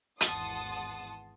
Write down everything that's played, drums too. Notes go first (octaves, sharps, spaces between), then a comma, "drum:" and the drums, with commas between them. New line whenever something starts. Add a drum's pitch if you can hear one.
G#1 E2 F#5 A5 C6 D#6, drum: hi-hat